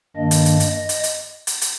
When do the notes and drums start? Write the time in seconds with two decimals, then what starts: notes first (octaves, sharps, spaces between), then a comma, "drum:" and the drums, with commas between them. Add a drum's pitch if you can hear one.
0.16 G2 D#3 A#3 D4 D#5
0.31 drum: hi-hat
0.45 drum: hi-hat
0.60 drum: hi-hat
0.74 D#5
0.89 drum: hi-hat
1.03 drum: hi-hat
1.47 drum: hi-hat
1.61 drum: hi-hat